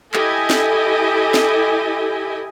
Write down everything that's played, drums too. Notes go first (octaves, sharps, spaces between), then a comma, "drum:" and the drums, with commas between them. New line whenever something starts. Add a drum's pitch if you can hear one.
E4 G4 A4 D#5 G#5, drum: clap
drum: snare
drum: snare